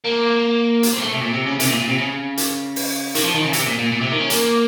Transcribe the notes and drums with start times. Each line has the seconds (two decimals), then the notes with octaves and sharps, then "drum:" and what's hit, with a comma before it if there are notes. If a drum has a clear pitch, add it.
0.05 A#3
0.83 drum: hi-hat
0.93 A#3 C4
1.02 A3
1.12 C3
1.21 A#2
1.34 C3
1.47 C#3
1.60 C3, drum: hi-hat
1.69 A#2
1.80 A#2
1.89 C3
1.98 C#3
2.37 drum: hi-hat
2.76 drum: open hi-hat
3.15 D#3, drum: hi-hat
3.24 F3
3.35 D#3
3.44 C#3
3.53 C3, drum: hi-hat
3.67 A#2
3.79 A#2
3.92 A#2
4.01 C3
4.11 D#3
4.20 C#4
4.30 A#3, drum: hi-hat